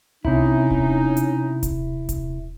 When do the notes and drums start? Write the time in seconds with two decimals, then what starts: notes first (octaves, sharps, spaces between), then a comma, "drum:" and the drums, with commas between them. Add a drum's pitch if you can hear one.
0.25 C3 C#4 D#4 E4, drum: tom C2
0.71 drum: kick D#1
1.17 drum: hi-hat
1.63 drum: kick D#1, hi-hat
2.09 drum: kick D#1, hi-hat